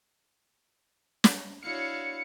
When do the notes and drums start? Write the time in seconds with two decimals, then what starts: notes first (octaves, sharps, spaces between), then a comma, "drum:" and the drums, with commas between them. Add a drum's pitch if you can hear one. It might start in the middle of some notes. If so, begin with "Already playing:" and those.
1.24 drum: snare
1.63 D4 E4 F#4 C#5 F5 C#7